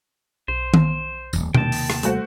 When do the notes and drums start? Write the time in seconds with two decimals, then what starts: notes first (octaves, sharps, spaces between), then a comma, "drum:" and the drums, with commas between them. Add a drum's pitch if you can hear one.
0.48 B1 C5
0.74 drum: tom D#3
1.33 D1 G#1 E2, drum: tambourine
1.54 D#2 C3 D#3 G5 A5, drum: tom B2
1.72 drum: open hi-hat
1.90 drum: rim click
2.03 G3 A3 F#4 C5, drum: hi-hat